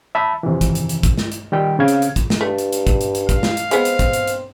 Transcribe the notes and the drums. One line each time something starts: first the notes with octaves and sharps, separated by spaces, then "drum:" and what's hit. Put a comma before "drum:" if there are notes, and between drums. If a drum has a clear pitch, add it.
E5 A5 B5
F2 C3 D#3 E3
drum: kick, hi-hat
drum: hi-hat
drum: hi-hat
drum: kick, hi-hat
drum: snare
drum: hi-hat
D#3 G3 G5
C#3 C4 F5 G#6
drum: hi-hat
drum: hi-hat
drum: kick, hi-hat
drum: snare
G2 A3
drum: hi-hat
drum: hi-hat
drum: kick, hi-hat
drum: hi-hat
drum: hi-hat
F5, drum: kick, hi-hat
drum: snare
drum: hi-hat
G#3 B3 C4, drum: hi-hat
drum: hi-hat
drum: kick, hi-hat
drum: hi-hat
drum: hi-hat